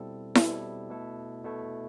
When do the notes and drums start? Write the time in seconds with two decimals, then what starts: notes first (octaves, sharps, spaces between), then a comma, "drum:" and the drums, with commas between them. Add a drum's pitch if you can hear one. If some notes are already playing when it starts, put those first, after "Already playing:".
Already playing: B2 G3 C4 E4 A4
0.35 B2 G3 C4 E4 A4, drum: snare E4
0.90 B2 A3 E4 A4
1.44 B2 A3 E4 A4